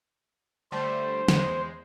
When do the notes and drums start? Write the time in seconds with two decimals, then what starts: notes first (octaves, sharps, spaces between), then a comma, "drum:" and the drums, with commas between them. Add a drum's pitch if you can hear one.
0.72 D3 G3 A3 C5
1.28 E2 G#3, drum: snare